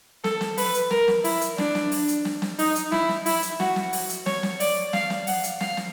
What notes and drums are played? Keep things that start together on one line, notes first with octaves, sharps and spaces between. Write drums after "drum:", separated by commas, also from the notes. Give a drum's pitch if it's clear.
A4, drum: snare
drum: snare
B4, drum: open hi-hat
drum: hi-hat
A#4, drum: snare
drum: snare
E4, drum: open hi-hat
drum: hi-hat
D4, drum: snare
drum: snare
drum: open hi-hat
drum: hi-hat
drum: snare
drum: snare
D#4, drum: open hi-hat
drum: hi-hat
E4, drum: snare
drum: snare
E4, drum: open hi-hat
drum: hi-hat
F#4, drum: snare
drum: snare
drum: open hi-hat
drum: hi-hat
C#5, drum: snare
drum: snare
D5, drum: open hi-hat
F5, drum: snare
drum: snare
F#5, drum: open hi-hat
drum: hi-hat
F5, drum: snare
drum: snare